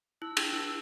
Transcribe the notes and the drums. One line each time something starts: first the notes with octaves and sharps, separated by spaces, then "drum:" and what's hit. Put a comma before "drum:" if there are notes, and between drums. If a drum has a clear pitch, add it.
E4 E6
D4, drum: cymbal
E4